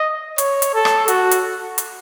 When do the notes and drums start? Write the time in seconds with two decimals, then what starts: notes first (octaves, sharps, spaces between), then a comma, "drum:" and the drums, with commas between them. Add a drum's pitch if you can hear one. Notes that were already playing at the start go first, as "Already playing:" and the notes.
Already playing: D#5
0.38 C#5, drum: hi-hat
0.62 drum: hi-hat
0.74 A4
0.85 drum: rim click
1.08 F#4, drum: hi-hat
1.31 drum: hi-hat
1.78 drum: hi-hat